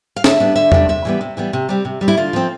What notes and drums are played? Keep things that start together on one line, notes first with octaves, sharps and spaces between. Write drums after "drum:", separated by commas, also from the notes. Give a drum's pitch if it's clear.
F5
D3 E5, drum: snare
G3 B3 D4
D3 E5
G3 B3 D4, drum: tom E2
C3 E5
E3 G3 B3
C3
E3 G3 B3
C3
G3 C4
C3
G3 C4
E4
D3 F4
F3 C4